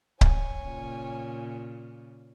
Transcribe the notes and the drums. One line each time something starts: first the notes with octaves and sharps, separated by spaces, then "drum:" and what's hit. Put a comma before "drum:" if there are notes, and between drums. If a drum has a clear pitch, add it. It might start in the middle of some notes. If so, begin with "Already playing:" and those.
C#5 G#5, drum: kick C#1
A#2 C#3